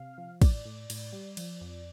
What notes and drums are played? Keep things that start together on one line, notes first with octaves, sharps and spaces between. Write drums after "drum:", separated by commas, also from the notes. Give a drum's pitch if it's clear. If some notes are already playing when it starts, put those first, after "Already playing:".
Already playing: C3 F5
F3
A2 D5, drum: kick, cymbal
A2
A2, drum: cymbal
G3
F3, drum: cymbal
F2